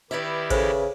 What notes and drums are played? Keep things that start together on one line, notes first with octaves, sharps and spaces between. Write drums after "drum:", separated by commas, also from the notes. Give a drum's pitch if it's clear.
D#3 E4 G4 B4 D5 E5
C#3 A4 C5, drum: kick A1, cymbal